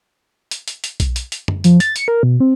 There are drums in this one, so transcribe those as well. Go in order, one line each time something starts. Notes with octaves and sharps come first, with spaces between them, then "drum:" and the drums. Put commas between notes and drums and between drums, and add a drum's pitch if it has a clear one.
drum: hi-hat
drum: hi-hat
drum: hi-hat
drum: kick B1, hi-hat
drum: hi-hat
drum: hi-hat
drum: tom F#2
F3, drum: hi-hat
A6, drum: hi-hat
C#7, drum: hi-hat
A#4
B2
C4